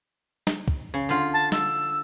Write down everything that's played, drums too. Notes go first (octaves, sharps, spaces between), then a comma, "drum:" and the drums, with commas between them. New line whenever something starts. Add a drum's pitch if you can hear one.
drum: snare
drum: kick
C#3
D3 F4
A5
E6, drum: snare